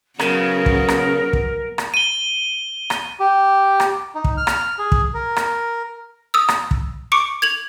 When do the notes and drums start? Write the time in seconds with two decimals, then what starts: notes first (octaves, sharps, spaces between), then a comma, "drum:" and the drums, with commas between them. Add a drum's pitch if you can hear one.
0.19 C#3 F#3 B3 A#4, drum: rim click
0.66 drum: kick
0.88 drum: rim click
1.33 drum: kick
1.78 drum: rim click
1.94 D#7 G7
2.90 drum: rim click
3.20 G4
3.80 drum: rim click
4.15 D#4
4.24 drum: kick
4.37 F6
4.47 drum: rim click
4.79 G#4
4.92 drum: kick
5.14 A#4
5.36 drum: rim click
6.34 D#6 E6
6.48 drum: rim click
6.71 drum: kick
7.12 C#6 D6 C#7 D7
7.42 G#6 F7 F#7